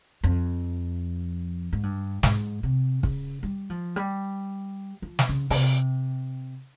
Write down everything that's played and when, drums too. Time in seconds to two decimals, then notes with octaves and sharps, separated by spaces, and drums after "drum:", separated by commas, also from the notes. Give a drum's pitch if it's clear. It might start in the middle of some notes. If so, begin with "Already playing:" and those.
0.24 F2
1.73 G#2
1.83 G2
2.23 G#2, drum: snare
2.63 C3
3.03 C#3, drum: kick
3.43 G3
3.70 F3
3.96 G3
5.02 F3
5.19 drum: snare
5.29 C#3
5.50 C#3, drum: open hi-hat
5.56 C3